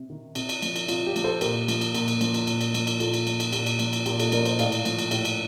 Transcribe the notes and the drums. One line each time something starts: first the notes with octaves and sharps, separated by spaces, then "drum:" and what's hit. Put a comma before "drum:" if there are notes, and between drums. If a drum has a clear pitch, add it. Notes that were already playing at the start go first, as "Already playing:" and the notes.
Already playing: C3
D#3
C3, drum: cymbal
drum: cymbal
F3, drum: cymbal
drum: cymbal
C3 F4, drum: cymbal
G4
F3, drum: cymbal
A4 C5
A#2 G4 A#4, drum: cymbal
F3, drum: cymbal
drum: cymbal
A#2, drum: cymbal
drum: cymbal
F3, drum: cymbal
drum: cymbal
A#2, drum: cymbal
drum: cymbal
F3, drum: cymbal
drum: cymbal
A#2 F4 A4, drum: cymbal
drum: cymbal
F3, drum: cymbal
drum: cymbal
A#2 G4, drum: cymbal
drum: cymbal
F3, drum: cymbal
drum: cymbal
A#2 G4, drum: cymbal
F4 A4, drum: cymbal
D#5
F3 A#4 D5, drum: cymbal
C5 D#5, drum: cymbal
A2 D5 F5, drum: cymbal
drum: cymbal
F3, drum: cymbal
drum: cymbal
A2, drum: cymbal
drum: cymbal